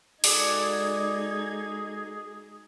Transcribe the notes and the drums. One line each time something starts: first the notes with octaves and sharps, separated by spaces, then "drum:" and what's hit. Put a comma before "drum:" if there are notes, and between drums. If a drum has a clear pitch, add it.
G#3 D#4 F#4 G#4 A4 D5 G#6, drum: open hi-hat